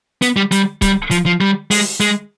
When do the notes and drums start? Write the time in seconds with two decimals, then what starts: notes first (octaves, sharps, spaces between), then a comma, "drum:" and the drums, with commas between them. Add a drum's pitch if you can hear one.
0.22 B3, drum: hi-hat
0.36 G3
0.52 G3, drum: hi-hat
0.82 G3, drum: kick C#1, hi-hat
1.11 F3, drum: hi-hat
1.26 F3
1.41 G3
1.71 G#3, drum: open hi-hat
2.00 G#3, drum: hi-hat